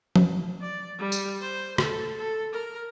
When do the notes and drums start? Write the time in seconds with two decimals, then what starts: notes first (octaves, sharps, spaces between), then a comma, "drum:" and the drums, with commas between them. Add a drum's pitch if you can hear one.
0.16 drum: tom F3
0.61 D5
0.99 G3
1.12 drum: tambourine
1.41 C5
1.78 A4, drum: rim click
2.17 A4
2.52 A#4